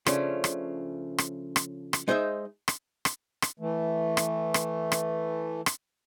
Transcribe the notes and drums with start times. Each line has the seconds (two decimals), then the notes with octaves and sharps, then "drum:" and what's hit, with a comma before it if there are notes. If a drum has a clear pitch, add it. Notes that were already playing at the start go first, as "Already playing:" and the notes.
0.06 C#3 F3 A3 C#4 D4, drum: rim click
0.44 drum: rim click
1.18 drum: rim click
1.56 drum: rim click
1.93 drum: rim click
2.08 G#3 D#4 C5 D#5 E5
2.68 drum: rim click
3.05 drum: rim click
3.42 drum: rim click
3.60 E3 A3
4.17 drum: rim click
4.54 drum: rim click
4.92 drum: rim click
5.66 drum: rim click